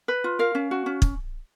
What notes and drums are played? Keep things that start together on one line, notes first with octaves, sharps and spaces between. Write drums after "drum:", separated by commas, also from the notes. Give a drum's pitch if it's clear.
B4
F4
A#4 F5
C#4
F#4
C#4
drum: kick